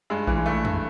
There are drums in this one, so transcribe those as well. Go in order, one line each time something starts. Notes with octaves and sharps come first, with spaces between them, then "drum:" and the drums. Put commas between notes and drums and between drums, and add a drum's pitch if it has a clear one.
G2 G#3
E3, drum: kick A#1
G#3
G2 A3
G2, drum: tom